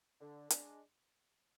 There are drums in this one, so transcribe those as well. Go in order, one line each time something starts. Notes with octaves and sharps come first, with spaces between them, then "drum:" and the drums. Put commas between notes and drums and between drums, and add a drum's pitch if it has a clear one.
D3
G#3 D4, drum: hi-hat